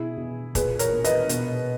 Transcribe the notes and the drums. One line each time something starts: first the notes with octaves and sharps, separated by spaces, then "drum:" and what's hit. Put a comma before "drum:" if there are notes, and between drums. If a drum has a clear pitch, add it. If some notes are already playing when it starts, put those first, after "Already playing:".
Already playing: B2 E4 G#4
B2
A#2 G#4 B4, drum: kick, hi-hat
A#4 C#5, drum: hi-hat
A#2
B4 D#5, drum: hi-hat
B2, drum: hi-hat